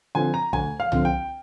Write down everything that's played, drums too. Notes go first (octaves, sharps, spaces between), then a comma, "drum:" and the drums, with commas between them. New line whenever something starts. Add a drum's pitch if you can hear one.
D3 F3 C4 G#5
A#5
D2 G#5, drum: kick
F5
D3 F3 C4, drum: tom C2
G5